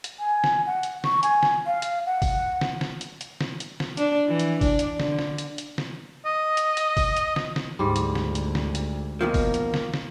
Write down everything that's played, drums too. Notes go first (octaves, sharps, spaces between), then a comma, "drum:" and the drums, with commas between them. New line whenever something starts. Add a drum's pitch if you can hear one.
drum: hi-hat
G#5
drum: snare
F#5
drum: hi-hat
C#6, drum: snare
G#5, drum: hi-hat
drum: snare
F5
drum: hi-hat
F#5
drum: kick G1, open hi-hat
drum: snare
drum: snare
drum: hi-hat
drum: hi-hat
drum: snare
drum: hi-hat
drum: snare
D4, drum: hi-hat
E3
drum: hi-hat
D4, drum: kick G1, open hi-hat
drum: hi-hat
D3, drum: snare
drum: snare
drum: hi-hat
drum: hi-hat
drum: snare
D#5
drum: hi-hat
drum: hi-hat
drum: kick G1, open hi-hat
drum: hi-hat
drum: snare
drum: snare
D2 G#2 G3
drum: hi-hat
drum: snare
drum: hi-hat
drum: snare
drum: hi-hat
B2 D#3 F3 A#3
drum: kick G1, open hi-hat
drum: hi-hat
drum: snare
drum: snare